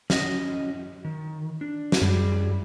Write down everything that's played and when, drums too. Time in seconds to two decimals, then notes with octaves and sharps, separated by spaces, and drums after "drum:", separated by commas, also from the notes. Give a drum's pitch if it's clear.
0.10 C#4 D#5, drum: snare
1.05 D#3
1.61 D4
1.92 drum: snare
2.01 F#2 G3 G#4